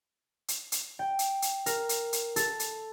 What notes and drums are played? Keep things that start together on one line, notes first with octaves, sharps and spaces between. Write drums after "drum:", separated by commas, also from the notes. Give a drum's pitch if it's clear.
drum: hi-hat
drum: hi-hat
G5
drum: hi-hat
drum: hi-hat
A#4, drum: hi-hat
drum: hi-hat
drum: hi-hat
A4, drum: hi-hat
drum: hi-hat